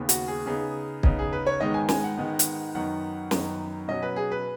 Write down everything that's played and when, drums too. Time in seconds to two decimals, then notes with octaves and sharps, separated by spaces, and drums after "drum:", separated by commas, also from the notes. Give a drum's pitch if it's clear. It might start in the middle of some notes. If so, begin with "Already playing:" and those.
Already playing: D#2 C#3 B3
0.09 F#4, drum: hi-hat
0.28 G#4
0.46 C#3 B3 D#4 G#4
1.03 C#3 B3 D#4, drum: kick
1.19 G#4
1.33 B4
1.47 C#5
1.60 G#2 D#3 G#3 B3 D#4 D#5
1.74 G#5
1.89 G#5, drum: snare
2.04 F#5
2.18 G#2 D#3 G#3 B3 D#4
2.39 drum: hi-hat
2.75 F#2 D#3 B3 D#4 F#5
3.31 F#2 D#3 B3 D#4, drum: snare
3.88 B2 F#3 C#4 D#5
4.02 B4
4.16 G#4
4.31 B4